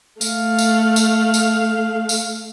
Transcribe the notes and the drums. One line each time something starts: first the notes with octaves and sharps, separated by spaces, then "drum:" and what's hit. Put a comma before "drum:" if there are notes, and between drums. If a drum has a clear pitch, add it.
A3 F5, drum: tambourine
drum: tambourine
drum: tambourine
drum: tambourine
drum: tambourine